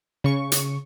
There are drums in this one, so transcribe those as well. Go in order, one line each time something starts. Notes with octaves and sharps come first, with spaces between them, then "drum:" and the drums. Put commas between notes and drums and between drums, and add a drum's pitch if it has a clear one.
C#3 C#6
drum: hi-hat